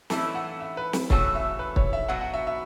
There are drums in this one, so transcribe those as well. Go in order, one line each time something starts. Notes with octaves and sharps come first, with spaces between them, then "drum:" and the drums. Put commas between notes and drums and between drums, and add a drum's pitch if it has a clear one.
E3 A3 C#4 E4 A5, drum: snare
F#5
E5
B4
drum: snare
C#3 E3 A3 F#4 A4 C#5, drum: kick
E5
B4
C#5, drum: kick
E5
B2 F#3 B3 F#4 F#5
F#5
E5
E5